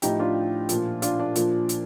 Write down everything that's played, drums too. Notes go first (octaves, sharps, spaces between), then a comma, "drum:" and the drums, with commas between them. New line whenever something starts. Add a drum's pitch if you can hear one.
A2 F3 D#4 G4, drum: hi-hat
D4 F4
A#2 F3, drum: hi-hat
D4 F4, drum: hi-hat
D4
A#2 F3, drum: hi-hat
drum: hi-hat